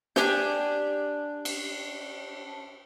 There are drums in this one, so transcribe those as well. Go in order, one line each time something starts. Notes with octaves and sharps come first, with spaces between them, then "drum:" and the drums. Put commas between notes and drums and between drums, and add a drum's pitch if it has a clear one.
D4 G4 G#5 G6, drum: snare
drum: cymbal